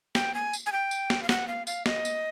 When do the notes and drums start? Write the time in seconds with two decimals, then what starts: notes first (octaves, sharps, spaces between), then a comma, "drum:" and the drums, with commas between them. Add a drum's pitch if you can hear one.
0.15 G5, drum: snare
0.34 G#5
0.53 drum: tambourine
0.66 G#5
0.72 G5
0.91 drum: tambourine
1.10 drum: snare
1.23 F5
1.29 F#5, drum: snare
1.48 F5
1.67 F5, drum: tambourine
1.86 D#5, drum: snare
2.05 drum: tambourine